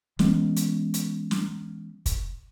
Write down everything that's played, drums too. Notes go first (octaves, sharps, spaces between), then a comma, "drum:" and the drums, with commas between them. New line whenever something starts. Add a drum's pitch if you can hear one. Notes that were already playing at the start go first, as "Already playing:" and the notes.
E3 G#3 B3 C#4, drum: snare
drum: hi-hat
drum: hi-hat
drum: snare
drum: kick, hi-hat